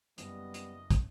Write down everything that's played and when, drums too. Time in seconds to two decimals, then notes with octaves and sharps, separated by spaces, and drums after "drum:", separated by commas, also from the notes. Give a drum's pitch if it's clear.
0.18 F#1 G3 B3 D#5, drum: hi-hat
0.54 drum: hi-hat
0.91 drum: kick, hi-hat